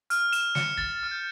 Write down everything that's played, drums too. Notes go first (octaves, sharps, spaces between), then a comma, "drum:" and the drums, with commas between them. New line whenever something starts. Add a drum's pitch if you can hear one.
F6, drum: hi-hat
E7, drum: hi-hat
C#7, drum: snare
A6, drum: kick
F6
G6